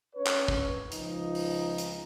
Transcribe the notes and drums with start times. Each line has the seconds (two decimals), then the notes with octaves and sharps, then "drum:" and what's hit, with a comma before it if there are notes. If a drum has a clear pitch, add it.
0.15 C#4 B4 C#5
0.27 drum: clap
0.48 drum: kick
0.92 C#2 F3 D#4, drum: hi-hat
1.35 drum: open hi-hat
1.78 drum: hi-hat